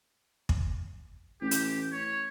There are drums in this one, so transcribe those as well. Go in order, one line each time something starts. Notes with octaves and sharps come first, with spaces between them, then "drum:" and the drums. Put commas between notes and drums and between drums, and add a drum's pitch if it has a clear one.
drum: kick
A1 G4
drum: hi-hat
C#5